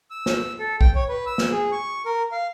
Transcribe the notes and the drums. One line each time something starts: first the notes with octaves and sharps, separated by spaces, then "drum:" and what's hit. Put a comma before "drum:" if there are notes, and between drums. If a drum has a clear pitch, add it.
E6
drum: snare
A4
G5, drum: kick
C#5
B4
E6
drum: snare
G#4
C#6
A#4
F5